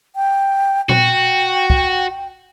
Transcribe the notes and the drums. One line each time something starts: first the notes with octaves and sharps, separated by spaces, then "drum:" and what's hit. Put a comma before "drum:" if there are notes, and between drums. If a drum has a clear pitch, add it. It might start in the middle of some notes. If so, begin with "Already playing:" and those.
G5
F#4 G5, drum: tom A#2
drum: kick